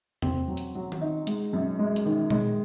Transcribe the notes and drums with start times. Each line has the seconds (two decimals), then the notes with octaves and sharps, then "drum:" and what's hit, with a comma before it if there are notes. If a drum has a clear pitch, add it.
0.22 C4, drum: tom E2
0.48 F#3
0.57 drum: hi-hat
0.75 F#3
0.92 drum: tom D#3
1.01 D#4
1.27 G#3, drum: hi-hat
1.53 F#2
1.79 G#3
1.96 drum: hi-hat
2.06 D#3
2.30 G#3, drum: tom A#2